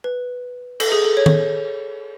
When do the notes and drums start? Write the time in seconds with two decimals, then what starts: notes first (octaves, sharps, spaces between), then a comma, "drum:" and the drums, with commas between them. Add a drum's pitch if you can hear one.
0.04 B4
0.80 A4, drum: cymbal
0.92 G#4
1.05 A4
1.17 C#5
1.26 drum: tom